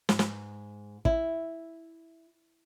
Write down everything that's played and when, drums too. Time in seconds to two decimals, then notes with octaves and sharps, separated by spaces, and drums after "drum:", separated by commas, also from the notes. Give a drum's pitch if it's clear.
0.09 G#2, drum: snare
0.19 drum: snare
1.05 E4, drum: kick